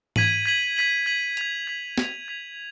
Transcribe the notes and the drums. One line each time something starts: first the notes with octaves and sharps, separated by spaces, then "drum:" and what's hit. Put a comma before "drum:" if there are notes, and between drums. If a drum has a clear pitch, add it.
G#6 B6 D#7 F#7, drum: tom G#2
G#6 B6 D#7 F#7
G#6 B6 D#7 F#7
G#6 B6 D#7 F#7
G#6 B6 F7, drum: hi-hat
G#6 B6 F7
G#6 B6 F7, drum: snare
G#6 B6 F7